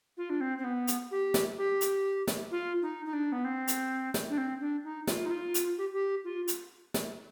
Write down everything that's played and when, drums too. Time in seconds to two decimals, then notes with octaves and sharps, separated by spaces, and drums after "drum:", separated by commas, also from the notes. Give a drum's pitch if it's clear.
0.17 F4
0.30 D4
0.41 C4
0.58 C4
0.64 B3
0.87 drum: hi-hat
1.11 G4
1.34 drum: snare
1.57 G4
1.81 drum: hi-hat
2.27 drum: snare
2.51 F4
2.82 D#4
3.06 D#4
3.13 D4
3.32 B3
3.45 C4
3.68 drum: hi-hat
4.14 drum: snare
4.30 D4
4.38 C4
4.60 D4
4.84 D#4
5.07 F4, drum: snare
5.26 D#4
5.31 F4
5.54 drum: hi-hat
5.78 G4
5.93 G4
6.24 F4
6.48 drum: hi-hat
6.94 drum: snare